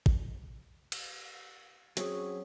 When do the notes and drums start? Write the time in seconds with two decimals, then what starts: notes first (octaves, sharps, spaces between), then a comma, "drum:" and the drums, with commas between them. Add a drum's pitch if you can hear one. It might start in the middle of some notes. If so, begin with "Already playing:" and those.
0.06 drum: kick
0.92 drum: cymbal
1.97 F#3 C4 C#4 F#4 G#4, drum: hi-hat